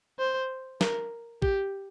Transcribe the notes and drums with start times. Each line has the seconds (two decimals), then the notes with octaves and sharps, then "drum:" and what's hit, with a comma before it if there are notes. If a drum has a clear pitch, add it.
0.19 C5
0.81 A#4, drum: snare
1.42 G4, drum: kick